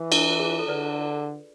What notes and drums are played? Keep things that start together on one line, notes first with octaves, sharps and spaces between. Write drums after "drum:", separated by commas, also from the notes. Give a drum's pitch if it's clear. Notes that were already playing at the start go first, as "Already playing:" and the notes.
Already playing: E3
D4, drum: cymbal
E4
F4
G#4
F4
A4
D3 B4 D5